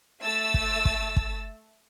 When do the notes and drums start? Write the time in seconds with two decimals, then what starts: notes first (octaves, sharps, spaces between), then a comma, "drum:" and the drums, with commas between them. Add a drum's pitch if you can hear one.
0.23 A3 E6 A6
0.54 drum: kick
0.85 drum: kick
1.16 drum: kick